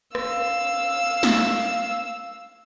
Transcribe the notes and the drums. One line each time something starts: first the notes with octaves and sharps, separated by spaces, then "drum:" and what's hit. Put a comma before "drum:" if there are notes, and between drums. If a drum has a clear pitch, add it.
F5 E6, drum: rim click
drum: snare